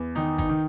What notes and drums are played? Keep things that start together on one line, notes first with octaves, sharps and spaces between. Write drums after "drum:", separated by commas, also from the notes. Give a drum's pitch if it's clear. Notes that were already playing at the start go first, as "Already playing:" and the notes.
Already playing: E2
D#3 D#4
D#4, drum: kick, hi-hat
D#3